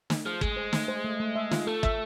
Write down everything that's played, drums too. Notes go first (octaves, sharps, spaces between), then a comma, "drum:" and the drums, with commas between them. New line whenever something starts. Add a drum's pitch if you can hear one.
A3, drum: snare
F3 G#4
G#3 G#4, drum: kick
C5
A3, drum: snare
C5
A3
A3
E5
F4, drum: snare
A3 A4
E5, drum: kick